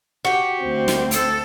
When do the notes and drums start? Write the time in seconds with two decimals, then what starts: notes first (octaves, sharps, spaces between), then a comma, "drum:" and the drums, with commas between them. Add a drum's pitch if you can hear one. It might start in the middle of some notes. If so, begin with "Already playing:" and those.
0.25 F#4 G4
0.61 D2 C4
0.88 drum: snare
1.11 A4, drum: hi-hat